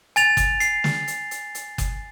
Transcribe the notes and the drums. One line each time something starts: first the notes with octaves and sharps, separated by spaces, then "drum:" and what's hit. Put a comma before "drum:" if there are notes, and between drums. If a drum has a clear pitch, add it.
G#5 A6 F7, drum: hi-hat
drum: kick F#1, hi-hat
C7, drum: hi-hat
drum: snare
drum: hi-hat
drum: hi-hat
drum: hi-hat
drum: kick F#1, hi-hat